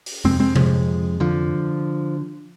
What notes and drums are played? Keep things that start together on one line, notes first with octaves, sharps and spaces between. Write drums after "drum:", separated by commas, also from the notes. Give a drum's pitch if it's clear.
drum: open hi-hat
F2 C3 G#3 C4
G#3 C4
F3 G#3, drum: tom C3
D3 F3